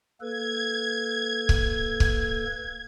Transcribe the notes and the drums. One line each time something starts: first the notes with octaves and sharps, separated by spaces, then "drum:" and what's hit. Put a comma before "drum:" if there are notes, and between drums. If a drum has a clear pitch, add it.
A#3 A4 B4 G#6
drum: kick C#1
drum: kick C#1